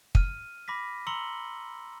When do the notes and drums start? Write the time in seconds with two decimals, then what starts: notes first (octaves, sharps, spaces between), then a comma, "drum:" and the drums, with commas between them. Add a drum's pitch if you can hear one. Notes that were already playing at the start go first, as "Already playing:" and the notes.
0.15 F6 D#7, drum: kick
0.68 B5 D6 A#6 B6
1.07 A#5 C6 E6 C#7 F#7 G7